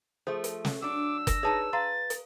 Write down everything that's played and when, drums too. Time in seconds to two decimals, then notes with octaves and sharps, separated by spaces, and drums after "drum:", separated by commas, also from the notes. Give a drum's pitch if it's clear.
0.27 F3 A3 G#4 C5
0.44 drum: hi-hat
0.65 drum: snare
0.82 F#3 D4 D6 E6
1.27 A#6, drum: kick F#1, hi-hat
1.43 D#4 G#4 B4 C#5 A5
1.73 B4 F5 A#5 C6 A6
2.10 drum: hi-hat